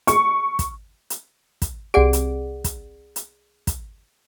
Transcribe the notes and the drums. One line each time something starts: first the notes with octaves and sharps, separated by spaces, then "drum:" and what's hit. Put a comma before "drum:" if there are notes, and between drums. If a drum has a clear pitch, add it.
C#6, drum: hi-hat
drum: kick, hi-hat
drum: hi-hat
drum: kick, hi-hat
C2 G#4 D5 F#5 D7
drum: hi-hat
drum: kick, hi-hat
drum: hi-hat
drum: kick, hi-hat